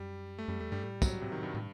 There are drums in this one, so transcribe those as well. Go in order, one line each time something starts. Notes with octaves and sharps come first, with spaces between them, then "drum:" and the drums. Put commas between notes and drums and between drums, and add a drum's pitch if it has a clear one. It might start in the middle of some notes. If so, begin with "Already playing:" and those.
Already playing: F#2 G3
A3
F#2 G3
E2 A3
G2 G3
A2 G3
F#3, drum: kick, tambourine
C3
D#3
G2
A2